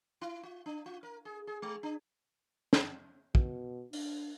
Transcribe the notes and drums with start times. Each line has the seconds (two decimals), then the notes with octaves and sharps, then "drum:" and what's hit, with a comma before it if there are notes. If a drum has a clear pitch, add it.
0.21 E4
0.43 F4
0.66 D4
0.86 F4
1.03 A#4
1.25 G#4
1.47 G#4
1.62 G#3
1.83 D4
2.73 drum: snare
3.35 B2, drum: kick
3.93 D4, drum: open hi-hat